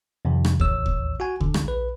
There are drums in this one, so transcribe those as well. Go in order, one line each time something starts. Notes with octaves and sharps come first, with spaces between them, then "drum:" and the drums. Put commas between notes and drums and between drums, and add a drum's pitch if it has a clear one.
F2 C3 D#3
drum: rim click
A1 D#2 C#5 E6, drum: kick D2
drum: kick D2
F#4 F#5 G#5
D3, drum: kick D2
drum: rim click
A#1 B4